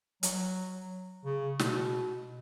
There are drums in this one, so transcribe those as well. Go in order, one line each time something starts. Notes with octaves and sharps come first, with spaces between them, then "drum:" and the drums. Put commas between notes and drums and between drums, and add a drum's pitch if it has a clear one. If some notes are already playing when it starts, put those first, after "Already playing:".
F#3, drum: hi-hat
C#3
B2, drum: snare